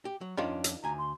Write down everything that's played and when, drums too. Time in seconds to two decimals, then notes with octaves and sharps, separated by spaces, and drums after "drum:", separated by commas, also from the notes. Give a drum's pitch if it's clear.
0.05 G4
0.21 F#3
0.37 F2 D#3 C#4 D4 F4 D5
0.64 drum: hi-hat
0.84 D2 G#5 A#5
0.98 C6